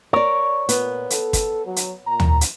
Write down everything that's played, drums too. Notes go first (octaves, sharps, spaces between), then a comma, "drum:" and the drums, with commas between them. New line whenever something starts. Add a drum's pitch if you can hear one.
A#4 C#5 D5
A#2 B3, drum: hi-hat
A4, drum: hi-hat
drum: kick, hi-hat
F#3
drum: hi-hat
A#2 A#5
drum: tom
drum: hi-hat